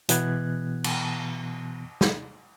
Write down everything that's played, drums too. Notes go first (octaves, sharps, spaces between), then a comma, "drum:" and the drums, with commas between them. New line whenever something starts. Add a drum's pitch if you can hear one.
B2 E3 B3 F#6 G#6, drum: hi-hat
drum: cymbal
drum: snare